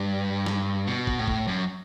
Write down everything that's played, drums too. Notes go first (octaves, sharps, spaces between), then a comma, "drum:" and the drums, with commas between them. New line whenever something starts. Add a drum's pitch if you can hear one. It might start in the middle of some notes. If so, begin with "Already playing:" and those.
Already playing: G2
drum: snare
B2
drum: kick
A2
drum: kick
F#2